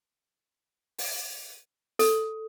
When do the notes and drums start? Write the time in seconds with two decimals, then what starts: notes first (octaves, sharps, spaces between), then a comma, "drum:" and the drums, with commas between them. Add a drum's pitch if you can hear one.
0.98 drum: open hi-hat
1.99 A4, drum: hi-hat